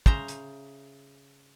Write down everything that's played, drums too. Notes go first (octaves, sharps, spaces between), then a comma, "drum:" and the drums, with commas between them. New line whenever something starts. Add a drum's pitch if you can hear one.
C#3 C5 E5 A#5, drum: kick
drum: hi-hat